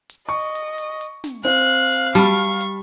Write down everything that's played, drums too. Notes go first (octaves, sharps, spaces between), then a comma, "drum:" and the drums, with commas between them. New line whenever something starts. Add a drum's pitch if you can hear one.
drum: hi-hat
D#5 C#6
drum: hi-hat
drum: hi-hat
drum: hi-hat
drum: snare
C4 F5 F#6, drum: hi-hat
drum: hi-hat
drum: hi-hat
G3 A5 B5 C#6, drum: snare
drum: hi-hat
drum: hi-hat